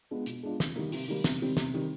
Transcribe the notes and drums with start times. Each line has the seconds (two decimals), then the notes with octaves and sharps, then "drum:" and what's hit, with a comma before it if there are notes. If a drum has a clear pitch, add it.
0.11 G#3 B3 D4 F4
0.26 B2, drum: hi-hat
0.43 G#3 B3 D4 F4
0.60 C3, drum: snare
0.76 D#3 G3 A#3
0.92 C3, drum: open hi-hat
1.08 D#3 G3 A#3
1.24 C3, drum: snare
1.42 D#3 G3 C4
1.57 C3, drum: snare
1.74 D#3 G3 C4